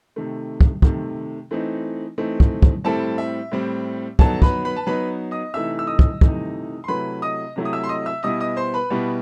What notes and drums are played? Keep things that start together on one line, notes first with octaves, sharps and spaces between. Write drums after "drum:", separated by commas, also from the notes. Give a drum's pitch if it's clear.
C3 D#3 A3
drum: kick
C3 D#3 A3, drum: kick
E3 A3 C4 D#4
E3 A3 C4 D#4
drum: kick
drum: kick
A2 G3 C4 E4 A4 A5
E5
A2 G3 C4 E4
F#3 B3 D#4 A4 A5, drum: kick
B4 B5, drum: kick
B4 B5
A5
F#3 B3 D#4 B4 B5
D#5 D#6
C3 E3 A3 D#4 E5 E6
E6
D#5 D#6
drum: kick
C3 E3 A3 D#4, drum: kick
C6
C3 F#3 A3 E4 B4 B5
D#5 D#6
C3 F#3 A3 E4
D#6
E5 E6
C6
D#5 D#6
E5 E6
B2 G3 B3 E4 D#5 D#6
D#5 D#6
C5 C6
B4 B5
B2 G3 B3 E4